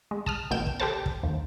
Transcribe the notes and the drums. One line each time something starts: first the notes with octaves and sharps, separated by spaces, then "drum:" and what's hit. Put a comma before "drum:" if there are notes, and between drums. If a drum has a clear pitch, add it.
G#3
A5 D#6 F6, drum: kick
A1 B2 A3 G5 E7
drum: kick
G4 A4 A#4 C5 A5
drum: kick
D#2